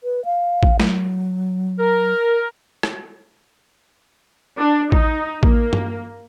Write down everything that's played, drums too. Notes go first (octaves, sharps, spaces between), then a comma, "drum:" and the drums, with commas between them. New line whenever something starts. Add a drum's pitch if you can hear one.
B4
F5
drum: kick A1
F#3, drum: snare
A#4
drum: rim click
D4
D#4, drum: kick A1
A#3, drum: kick A1
drum: tom G2